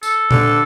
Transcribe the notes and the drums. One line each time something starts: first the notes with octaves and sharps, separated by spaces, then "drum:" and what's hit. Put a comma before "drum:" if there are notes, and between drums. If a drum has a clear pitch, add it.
A4, drum: tambourine
D3, drum: tom A#2